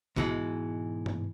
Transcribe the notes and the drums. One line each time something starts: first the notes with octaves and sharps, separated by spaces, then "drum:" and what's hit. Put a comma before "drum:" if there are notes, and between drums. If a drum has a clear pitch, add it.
G#2 B2 E3 G3 G#3, drum: kick A#1
drum: tom G2